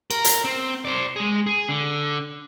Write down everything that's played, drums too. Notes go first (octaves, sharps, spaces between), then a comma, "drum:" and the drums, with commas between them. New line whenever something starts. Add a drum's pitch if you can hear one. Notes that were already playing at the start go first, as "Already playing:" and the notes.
A#4, drum: cymbal
drum: hi-hat
C4
C5 D5
G#3 G#4
G#4
D3